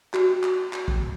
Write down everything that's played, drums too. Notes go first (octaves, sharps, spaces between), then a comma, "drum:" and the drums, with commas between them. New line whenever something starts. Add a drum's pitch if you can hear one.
F#4, drum: clap
drum: clap
drum: clap
drum: kick